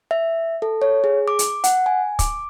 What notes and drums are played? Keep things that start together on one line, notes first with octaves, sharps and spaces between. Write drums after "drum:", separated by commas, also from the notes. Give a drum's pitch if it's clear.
E5
A4
C#5
G#4
D6
drum: hi-hat
F#5, drum: hi-hat
G#5
D6, drum: kick, hi-hat